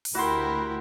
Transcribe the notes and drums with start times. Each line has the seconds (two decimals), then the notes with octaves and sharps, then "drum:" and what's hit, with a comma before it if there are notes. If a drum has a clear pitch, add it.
0.05 drum: open hi-hat
0.15 D2 E4 F#4 G4 A#4 B5 C6